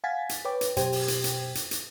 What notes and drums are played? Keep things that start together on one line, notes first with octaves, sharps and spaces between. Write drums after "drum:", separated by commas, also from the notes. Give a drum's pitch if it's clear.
F5 F#5 G#5 G#6 A6 B6
drum: hi-hat
B4 C#5 G5 D6
drum: hi-hat
F#2 B2 G4 C5 G5 G#6, drum: hi-hat
drum: open hi-hat
drum: hi-hat
drum: hi-hat
drum: hi-hat
drum: hi-hat